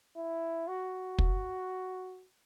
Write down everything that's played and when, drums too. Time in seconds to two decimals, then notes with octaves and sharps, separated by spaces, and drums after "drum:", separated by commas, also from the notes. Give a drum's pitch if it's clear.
0.16 E4
0.68 F#4
1.18 drum: kick